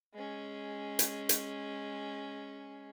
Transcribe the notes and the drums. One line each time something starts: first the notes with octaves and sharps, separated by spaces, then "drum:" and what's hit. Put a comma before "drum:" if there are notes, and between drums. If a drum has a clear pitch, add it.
G#3 C#4
drum: hi-hat
drum: hi-hat